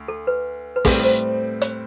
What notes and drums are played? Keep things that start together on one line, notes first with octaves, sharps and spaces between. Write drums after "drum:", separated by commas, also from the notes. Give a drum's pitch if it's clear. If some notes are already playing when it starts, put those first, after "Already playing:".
Already playing: D2
A4
B4
B4
A2 G3 C4 A4, drum: kick, open hi-hat
C5
drum: hi-hat